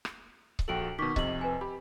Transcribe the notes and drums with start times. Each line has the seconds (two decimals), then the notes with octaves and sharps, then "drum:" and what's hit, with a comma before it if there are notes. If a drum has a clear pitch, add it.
0.05 drum: rim click
0.59 drum: kick C#1
0.68 A#1 F#4 A4 G5 D7 F#7
0.99 B2 D#3 C#6 D6 B6
1.16 F2 C3 D#5 F#7, drum: kick C#1
1.41 B4 G#5
1.61 G4 B5